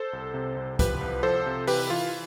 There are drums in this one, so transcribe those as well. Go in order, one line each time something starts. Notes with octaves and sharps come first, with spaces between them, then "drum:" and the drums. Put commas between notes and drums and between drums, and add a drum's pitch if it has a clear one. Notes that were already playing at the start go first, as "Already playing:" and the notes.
Already playing: A4 C5
C2
C3
C2
F3 G4 B4, drum: kick, hi-hat
C2
F3 A4 C5
C3
E3 G4 B4, drum: open hi-hat
E3 F4